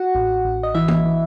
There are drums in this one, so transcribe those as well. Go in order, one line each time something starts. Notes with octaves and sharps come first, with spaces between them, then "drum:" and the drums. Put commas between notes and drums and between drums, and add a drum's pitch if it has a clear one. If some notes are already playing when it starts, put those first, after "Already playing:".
Already playing: F#4 F#5
A1
A1
D#5
E3 E4 E5
drum: tom
E3